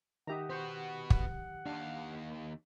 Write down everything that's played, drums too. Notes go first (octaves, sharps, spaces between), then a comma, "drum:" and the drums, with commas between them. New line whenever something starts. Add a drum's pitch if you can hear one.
D#3 D#4 G4 E5 F#5 A#5 D#6
B3 F#4 C5
drum: kick
D#2 D4 F5